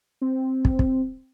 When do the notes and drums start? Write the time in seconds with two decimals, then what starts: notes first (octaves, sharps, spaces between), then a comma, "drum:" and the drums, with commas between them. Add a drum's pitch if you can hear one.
0.21 C4
0.65 drum: kick
0.79 drum: kick